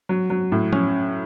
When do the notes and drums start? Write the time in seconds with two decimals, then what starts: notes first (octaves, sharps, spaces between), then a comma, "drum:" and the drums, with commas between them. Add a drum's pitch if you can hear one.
0.09 F#3
0.30 F#3
0.52 A2
0.73 C#4, drum: tom F3